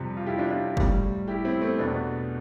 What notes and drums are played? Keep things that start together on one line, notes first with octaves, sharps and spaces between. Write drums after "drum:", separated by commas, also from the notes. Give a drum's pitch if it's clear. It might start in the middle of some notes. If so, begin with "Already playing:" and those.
Already playing: F2 C3 G3
F4
E4 G4
D4 F4
D4 F4
A2 G3, drum: kick
E4 G4
C4 E4
A3 C4
E2 B2 A3 B3 D4